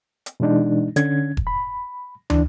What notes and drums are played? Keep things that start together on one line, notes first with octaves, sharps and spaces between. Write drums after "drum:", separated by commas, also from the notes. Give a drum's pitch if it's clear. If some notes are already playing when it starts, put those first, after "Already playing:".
drum: hi-hat
B2 E3 G#3 D4 D#4
D3 C#4 G#6, drum: hi-hat
drum: kick E1
B5
E3 D4, drum: tom